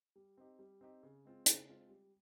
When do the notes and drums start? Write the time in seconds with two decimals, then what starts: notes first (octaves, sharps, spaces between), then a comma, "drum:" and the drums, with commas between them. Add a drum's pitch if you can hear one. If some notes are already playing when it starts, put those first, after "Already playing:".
0.16 G3
0.37 C4 D#4 G4
0.59 G3
0.81 C4 D#4 G4
1.03 C#3
1.25 G#3 C4 F4
1.46 C#3, drum: hi-hat
1.68 G#3 C4 F4
1.89 G3